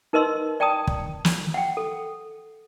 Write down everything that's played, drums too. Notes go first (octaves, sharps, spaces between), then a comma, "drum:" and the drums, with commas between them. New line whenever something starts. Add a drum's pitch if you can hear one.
D#4 A#4 B4 D#5 C6 E6
D5 G5 A5 A#5 D#6
drum: kick
drum: snare
F#5 G5
A4